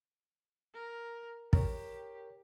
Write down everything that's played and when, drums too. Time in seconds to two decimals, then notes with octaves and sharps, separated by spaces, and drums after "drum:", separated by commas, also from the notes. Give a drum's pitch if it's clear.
0.74 A#4
1.53 G4 A#4 C#5, drum: kick